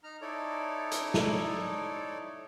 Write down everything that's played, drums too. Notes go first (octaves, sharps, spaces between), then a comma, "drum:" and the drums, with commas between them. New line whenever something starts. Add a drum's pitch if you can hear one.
D#4 A#5 F6
D#4 E4 A4 C#5 D5
drum: hi-hat
drum: snare